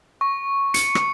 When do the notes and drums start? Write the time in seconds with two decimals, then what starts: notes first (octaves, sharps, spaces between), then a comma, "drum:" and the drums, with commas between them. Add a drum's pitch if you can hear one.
0.21 C#6
0.74 C#7, drum: hi-hat
0.95 drum: rim click